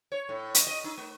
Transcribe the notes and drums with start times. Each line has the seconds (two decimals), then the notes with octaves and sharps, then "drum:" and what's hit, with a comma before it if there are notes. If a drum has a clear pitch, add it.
0.12 C#5
0.29 A2
0.55 D#5, drum: hi-hat
0.67 D#5
0.84 D#4
0.98 A3